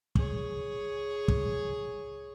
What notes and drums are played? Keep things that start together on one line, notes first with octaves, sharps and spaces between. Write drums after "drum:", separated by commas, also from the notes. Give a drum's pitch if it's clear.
G#4 C#5, drum: kick
drum: kick